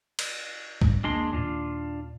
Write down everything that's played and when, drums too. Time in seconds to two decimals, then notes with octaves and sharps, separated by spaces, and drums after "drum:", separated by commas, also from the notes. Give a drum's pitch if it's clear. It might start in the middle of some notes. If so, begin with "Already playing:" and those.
0.19 drum: cymbal
0.81 G1 G#2 G3, drum: kick
1.04 D#1 G#3 A#3 D4 C6
1.33 D#2 A#2 D4 F4